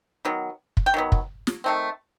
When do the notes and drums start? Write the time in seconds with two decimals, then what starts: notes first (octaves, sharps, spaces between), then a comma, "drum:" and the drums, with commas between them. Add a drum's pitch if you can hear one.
0.25 D#3 F#3 B3
0.77 drum: kick
0.86 G5
0.94 D#3 F#3 B3
1.12 drum: kick
1.47 drum: snare
1.64 D#3 A3 C4